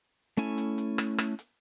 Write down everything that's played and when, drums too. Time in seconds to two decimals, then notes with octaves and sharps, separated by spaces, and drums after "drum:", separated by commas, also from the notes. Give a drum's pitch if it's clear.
0.37 A3 C#4 E4 G#5, drum: hi-hat
0.58 drum: hi-hat
0.78 drum: hi-hat
0.98 drum: rim click
1.18 drum: rim click
1.39 drum: hi-hat